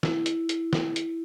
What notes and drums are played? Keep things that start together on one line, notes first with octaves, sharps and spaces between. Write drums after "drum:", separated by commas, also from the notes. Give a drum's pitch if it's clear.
E4, drum: snare
drum: hi-hat
drum: hi-hat
drum: snare
drum: hi-hat